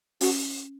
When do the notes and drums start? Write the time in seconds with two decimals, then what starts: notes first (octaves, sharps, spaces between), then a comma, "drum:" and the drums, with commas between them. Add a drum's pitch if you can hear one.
0.21 C#4 F#4, drum: open hi-hat